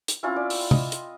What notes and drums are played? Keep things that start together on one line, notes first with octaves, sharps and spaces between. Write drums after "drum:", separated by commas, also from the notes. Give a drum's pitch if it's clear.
drum: hi-hat
C4 C#4 E4 F4
D5
drum: open hi-hat
D#5, drum: tom C3
drum: hi-hat